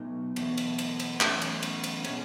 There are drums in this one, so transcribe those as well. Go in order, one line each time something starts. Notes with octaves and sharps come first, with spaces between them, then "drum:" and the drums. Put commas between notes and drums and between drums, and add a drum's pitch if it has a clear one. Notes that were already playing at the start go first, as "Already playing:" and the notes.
Already playing: B2 F#3 A3 B3 D#4
E2 B2 F#3 A3, drum: cymbal
drum: cymbal
drum: cymbal
drum: cymbal
E2 D#3 F#3 A3 C#4, drum: clap
drum: cymbal
drum: cymbal
drum: cymbal
B2 G#3 C#4, drum: cymbal